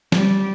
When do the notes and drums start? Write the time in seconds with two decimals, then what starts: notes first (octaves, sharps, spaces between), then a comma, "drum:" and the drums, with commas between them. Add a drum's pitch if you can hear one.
0.12 G3, drum: snare